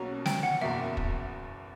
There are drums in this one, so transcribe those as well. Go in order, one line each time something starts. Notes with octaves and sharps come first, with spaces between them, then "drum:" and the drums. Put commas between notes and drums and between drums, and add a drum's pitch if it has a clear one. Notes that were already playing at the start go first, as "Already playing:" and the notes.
Already playing: B1 B2 A#3 C#4 F#4 A#5
G5, drum: snare
F#5
F#1 E2 B2 A#3 E5
drum: kick